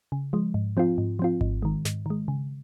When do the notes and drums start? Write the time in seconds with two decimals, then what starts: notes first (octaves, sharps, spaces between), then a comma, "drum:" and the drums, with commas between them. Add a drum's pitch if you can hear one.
0.12 C#3
0.33 F3 G#3
0.54 G#2
0.77 F3 C4 F4
0.98 G#2
1.19 F3 C4 F4
1.41 G#2, drum: kick G#1
1.62 D#3 G#3
1.85 G#2, drum: snare
2.06 D#3 G#3
2.28 C#3